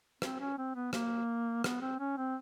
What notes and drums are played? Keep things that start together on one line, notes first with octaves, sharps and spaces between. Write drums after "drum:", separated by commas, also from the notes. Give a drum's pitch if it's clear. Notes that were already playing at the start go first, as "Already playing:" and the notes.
C4, drum: rim click
C#4
C4
B3
A#3, drum: rim click
B3, drum: rim click
C4
C#4
C4